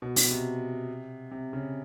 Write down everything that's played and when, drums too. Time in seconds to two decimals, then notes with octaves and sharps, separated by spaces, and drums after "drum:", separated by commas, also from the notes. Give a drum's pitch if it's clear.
0.02 B2
0.16 B2, drum: open hi-hat
0.31 C3
1.31 C3
1.53 C#3